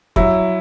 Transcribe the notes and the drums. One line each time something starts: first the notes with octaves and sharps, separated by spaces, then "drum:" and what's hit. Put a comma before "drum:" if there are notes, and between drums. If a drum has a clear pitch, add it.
F#3 E4, drum: kick